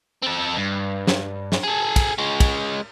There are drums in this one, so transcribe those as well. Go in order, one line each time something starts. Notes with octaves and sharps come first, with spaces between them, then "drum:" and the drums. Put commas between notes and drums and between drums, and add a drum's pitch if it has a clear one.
C4 A4
G2
drum: snare
drum: snare
G#4 A4
drum: kick, cymbal
G#3 C#4
drum: kick, cymbal